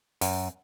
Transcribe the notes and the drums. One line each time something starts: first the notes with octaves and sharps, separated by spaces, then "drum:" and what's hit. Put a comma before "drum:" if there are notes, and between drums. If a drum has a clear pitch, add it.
F#2, drum: open hi-hat